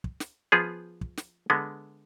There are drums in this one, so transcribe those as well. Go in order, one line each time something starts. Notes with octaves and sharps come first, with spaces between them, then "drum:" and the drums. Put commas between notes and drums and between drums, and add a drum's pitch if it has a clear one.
drum: kick
drum: snare
F3 B3 F4 G#4
drum: kick
drum: snare
D3 G#3 B3